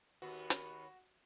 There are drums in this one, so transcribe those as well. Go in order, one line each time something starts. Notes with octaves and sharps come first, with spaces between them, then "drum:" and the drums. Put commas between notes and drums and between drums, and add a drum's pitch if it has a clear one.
D#2 B3 F#4
drum: hi-hat